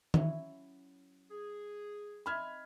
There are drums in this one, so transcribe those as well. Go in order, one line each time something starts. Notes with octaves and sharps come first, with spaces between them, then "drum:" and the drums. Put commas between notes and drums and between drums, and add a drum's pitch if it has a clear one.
F#3 C#4 E4, drum: tom D#3
G#4
C4 D#4 E5 B5 F6 G#6